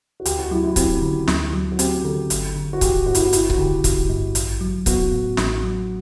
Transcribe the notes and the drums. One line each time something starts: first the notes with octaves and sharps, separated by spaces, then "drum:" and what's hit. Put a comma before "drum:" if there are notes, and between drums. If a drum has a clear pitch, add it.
F#4
D2 G4, drum: hi-hat
F#4
F#3 E4
E4
C4 G4, drum: kick C#1, hi-hat
D3
D2, drum: snare
F#3
F#4
C4 G4, drum: hi-hat
D3 A4
G1, drum: hi-hat
D3
F#4
G1 G4, drum: kick C#1, hi-hat
G2 F#4
E4, drum: hi-hat
F#4
G1 E4, drum: hi-hat
F#4, drum: kick C#1
D3 G4
G1, drum: kick C#1, hi-hat
G2
A1, drum: hi-hat
F#3
B3 F#4, drum: kick C#1, hi-hat
A2
A1, drum: snare
F#3